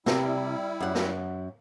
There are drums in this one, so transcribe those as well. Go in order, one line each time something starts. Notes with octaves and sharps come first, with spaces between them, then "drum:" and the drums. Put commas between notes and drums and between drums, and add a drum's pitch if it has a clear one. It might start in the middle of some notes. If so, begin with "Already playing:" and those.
C3 G3 E4, drum: snare
F#2 F#5
drum: snare